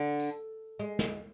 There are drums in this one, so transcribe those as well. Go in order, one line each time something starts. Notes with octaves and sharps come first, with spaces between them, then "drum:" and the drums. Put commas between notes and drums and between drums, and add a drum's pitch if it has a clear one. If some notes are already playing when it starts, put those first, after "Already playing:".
Already playing: D3
drum: tambourine
G#3
drum: snare